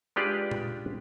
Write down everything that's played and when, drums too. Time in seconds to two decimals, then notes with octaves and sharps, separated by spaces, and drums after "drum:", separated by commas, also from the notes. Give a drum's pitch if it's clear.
0.16 G#3 D4 F4 G4 B4 D5
0.51 drum: tom A#2